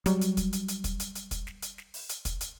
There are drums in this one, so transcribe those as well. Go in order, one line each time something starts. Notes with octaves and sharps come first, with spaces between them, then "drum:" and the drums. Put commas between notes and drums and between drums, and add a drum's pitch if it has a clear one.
F#3 G3, drum: hi-hat
drum: hi-hat
drum: kick, hi-hat
drum: hi-hat
drum: hi-hat
drum: kick, hi-hat
drum: hi-hat
drum: hi-hat
drum: kick, hi-hat
drum: snare
drum: hi-hat
drum: snare
drum: open hi-hat
drum: hi-hat
drum: kick, hi-hat
drum: hi-hat